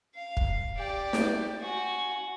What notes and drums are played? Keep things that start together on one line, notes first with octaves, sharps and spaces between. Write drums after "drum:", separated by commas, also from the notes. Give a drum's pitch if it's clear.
F5
drum: kick
G4 D5
drum: snare
F#4 G#5